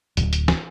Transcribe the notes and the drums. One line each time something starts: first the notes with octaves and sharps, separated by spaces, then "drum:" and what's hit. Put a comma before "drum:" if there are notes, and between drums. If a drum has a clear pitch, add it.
D1, drum: hi-hat
drum: hi-hat
drum: snare